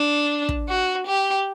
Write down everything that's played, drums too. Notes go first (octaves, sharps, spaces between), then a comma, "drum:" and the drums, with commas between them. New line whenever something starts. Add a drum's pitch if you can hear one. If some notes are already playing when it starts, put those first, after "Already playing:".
Already playing: D4
drum: kick
F#4
G4